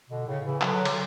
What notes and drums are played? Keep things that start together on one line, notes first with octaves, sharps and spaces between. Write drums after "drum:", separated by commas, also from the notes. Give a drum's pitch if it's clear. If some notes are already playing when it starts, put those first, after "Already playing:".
B2 D3
A2 C#3
C#3 E3
D3 F#3, drum: clap
drum: cymbal